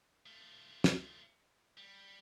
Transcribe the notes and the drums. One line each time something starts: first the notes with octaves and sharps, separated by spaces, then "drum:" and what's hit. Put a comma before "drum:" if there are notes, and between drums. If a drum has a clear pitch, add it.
A3 F4
drum: snare
G3